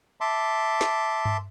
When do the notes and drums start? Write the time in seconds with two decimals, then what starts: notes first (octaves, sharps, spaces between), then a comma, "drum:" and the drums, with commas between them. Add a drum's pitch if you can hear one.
0.21 E5 A5 C6 D6
0.81 drum: snare
1.25 drum: tom G2